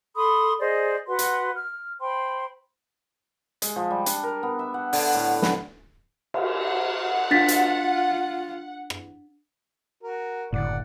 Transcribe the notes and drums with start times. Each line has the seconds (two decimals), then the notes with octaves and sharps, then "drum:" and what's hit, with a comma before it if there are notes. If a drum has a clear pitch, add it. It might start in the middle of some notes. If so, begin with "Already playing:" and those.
0.16 A4 B5 C6 D#6
0.60 G#4 C5 D5 D#5
1.08 F#4 B4 F#5 C6
1.19 drum: hi-hat
1.56 F6
2.01 C5 G5 B5 C6
3.62 G#3, drum: hi-hat
3.76 F3
3.91 G3
4.06 D4, drum: hi-hat
4.23 A#4
4.43 B3
4.59 E5
4.74 F#5
4.93 D3, drum: open hi-hat
5.15 A2
5.30 F#5
5.42 B4, drum: snare
6.34 drum: cymbal
6.59 F#5
7.31 D4 F4 A6 B6
7.48 drum: hi-hat
8.90 drum: rim click
10.03 F#4 A#4
10.53 F#1 A2 D3 D5 F#5